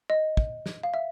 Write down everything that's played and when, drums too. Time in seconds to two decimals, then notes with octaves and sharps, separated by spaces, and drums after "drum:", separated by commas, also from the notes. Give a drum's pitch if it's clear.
0.10 D#5
0.37 drum: kick
0.66 drum: snare
0.83 F5
0.94 E5